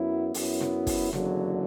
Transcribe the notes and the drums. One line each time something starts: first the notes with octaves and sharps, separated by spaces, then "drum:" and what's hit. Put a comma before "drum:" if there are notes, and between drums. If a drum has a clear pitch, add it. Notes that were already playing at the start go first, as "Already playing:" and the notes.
Already playing: F#2 F#3 B3 E4
F#2 F#3 B3 E4, drum: open hi-hat
drum: snare
drum: kick, open hi-hat
F#1 E2 D3 F#3, drum: snare